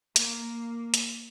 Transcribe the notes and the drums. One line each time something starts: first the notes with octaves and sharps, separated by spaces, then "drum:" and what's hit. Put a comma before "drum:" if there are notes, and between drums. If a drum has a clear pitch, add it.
A#3, drum: hi-hat
drum: hi-hat